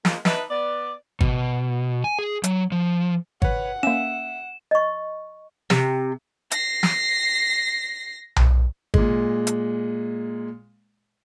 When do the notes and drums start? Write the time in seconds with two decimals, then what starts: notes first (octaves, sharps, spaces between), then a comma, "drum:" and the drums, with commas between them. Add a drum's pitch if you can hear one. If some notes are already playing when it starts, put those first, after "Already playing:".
0.05 F3 G#3 A#3, drum: snare
0.25 D4 D#4 B4 D#5 E5, drum: snare
0.50 B3 D5
1.21 B2, drum: kick G#1
2.04 G#5
2.19 G#4
2.44 F#3, drum: hi-hat
2.72 F3
3.42 B4 C#5 F#5, drum: kick G#1
3.83 A#3 C#4 E5 E7
4.71 D#5 C#6
5.70 C3, drum: snare
6.51 A#6 C7, drum: hi-hat
6.83 drum: snare
8.36 drum: tom B1
8.94 A#2 G#3, drum: kick G#1
9.47 drum: hi-hat